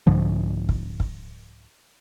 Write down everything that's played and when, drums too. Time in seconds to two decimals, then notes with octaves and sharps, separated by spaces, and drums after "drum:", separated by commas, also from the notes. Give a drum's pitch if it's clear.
0.07 C2 G#2 D3 F3
0.69 drum: kick
1.00 drum: kick